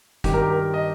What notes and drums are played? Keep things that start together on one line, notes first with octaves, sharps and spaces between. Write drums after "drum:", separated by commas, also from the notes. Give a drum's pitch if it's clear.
G2 D#3 G4, drum: kick, hi-hat
A#4
G4
A#4
D#5